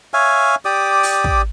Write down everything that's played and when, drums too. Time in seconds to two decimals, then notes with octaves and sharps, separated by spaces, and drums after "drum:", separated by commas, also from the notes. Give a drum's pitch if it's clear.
0.14 C#5 E5 F5 G#5
0.65 G4 D5 D6 D#6
1.03 drum: open hi-hat
1.24 drum: kick